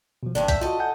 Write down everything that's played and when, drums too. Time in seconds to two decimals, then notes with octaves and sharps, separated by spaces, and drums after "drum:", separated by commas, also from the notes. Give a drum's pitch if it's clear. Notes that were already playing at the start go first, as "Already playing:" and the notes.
0.23 B2 F3
0.35 G#1 G2 C3 D4
0.48 E5 G6 B6, drum: kick, hi-hat
0.61 F4 F#4 A4 D#5
0.79 F#5 G#5 G6